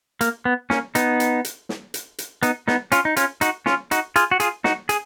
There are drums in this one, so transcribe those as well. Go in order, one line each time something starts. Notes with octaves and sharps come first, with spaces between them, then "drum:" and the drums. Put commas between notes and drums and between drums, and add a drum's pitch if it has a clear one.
A#3, drum: hi-hat
B3
A#3 C#4, drum: snare
B3 D#4, drum: hi-hat
drum: hi-hat
drum: hi-hat
drum: snare
drum: hi-hat
drum: hi-hat
B3 D#4, drum: hi-hat
B3 D#4, drum: snare
C#4 F4, drum: hi-hat
D#4
C#4 F4, drum: hi-hat
D#4 F#4, drum: hi-hat
C#4 F4, drum: snare
D#4 F#4, drum: hi-hat
F4 G#4, drum: hi-hat
F#4
F4 G#4, drum: hi-hat
D#4 F#4, drum: snare
G#4, drum: hi-hat